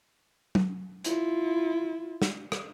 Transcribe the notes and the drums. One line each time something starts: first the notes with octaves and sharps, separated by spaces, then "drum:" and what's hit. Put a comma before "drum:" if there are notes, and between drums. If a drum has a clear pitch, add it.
drum: tom F#3
E4 F4, drum: hi-hat
drum: snare
drum: rim click